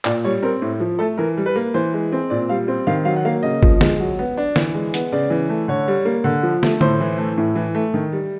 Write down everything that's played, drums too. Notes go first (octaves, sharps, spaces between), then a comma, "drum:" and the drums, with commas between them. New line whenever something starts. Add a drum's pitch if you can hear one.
A#2 D5, drum: clap
G3 C#5
C4 A#4
A2
F3
A3 A4
E3 A#4
G3
B4
A#3
E3 C5
G#3
C4
A#2 D5
G3 F5
C4
D#3 F5
F#3 F5
F#5
A#3 F5
C#3 D#5
F3, drum: kick
G#3, drum: snare
F#3
B3
D4
E3, drum: snare
G#3
B3, drum: hi-hat
C#3 D5
E3
A3
D3 C#5
G3
A#3
D3
F3
A3, drum: snare
A2 C5, drum: tom D3
E3
A3
A2
E3
A3
D#3
G3